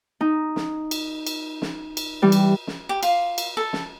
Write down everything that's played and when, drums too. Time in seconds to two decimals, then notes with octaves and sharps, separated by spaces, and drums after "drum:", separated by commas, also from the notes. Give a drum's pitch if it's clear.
0.21 D#4
0.56 drum: snare
0.91 drum: cymbal
1.27 drum: cymbal
1.62 drum: snare
1.97 drum: cymbal
2.22 E3 G3
2.32 drum: cymbal
2.67 drum: snare
2.89 G4
3.03 F4, drum: cymbal
3.38 drum: cymbal
3.57 A4
3.73 drum: snare